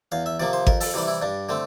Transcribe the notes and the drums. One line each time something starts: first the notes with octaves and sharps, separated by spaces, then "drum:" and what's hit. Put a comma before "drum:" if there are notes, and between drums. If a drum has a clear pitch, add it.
E2 F5
E5
C3 F3 A#3 D5
C5
F2 A#4, drum: kick G#1
A4, drum: open hi-hat
C3 E3 G3
E4
G2 D4
D3 A3 C4